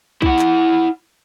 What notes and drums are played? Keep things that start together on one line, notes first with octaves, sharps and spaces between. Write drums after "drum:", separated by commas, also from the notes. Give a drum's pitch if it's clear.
E4 F#5, drum: kick B1
drum: clap